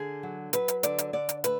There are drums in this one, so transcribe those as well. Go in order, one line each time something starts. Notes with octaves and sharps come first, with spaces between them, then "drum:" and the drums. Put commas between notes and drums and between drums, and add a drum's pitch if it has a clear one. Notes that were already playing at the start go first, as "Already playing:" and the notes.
Already playing: D3 G#4
F#3
F#3 B4, drum: hi-hat
drum: hi-hat
D3 D5, drum: hi-hat
drum: hi-hat
D3 D5
drum: hi-hat
A3 B4, drum: hi-hat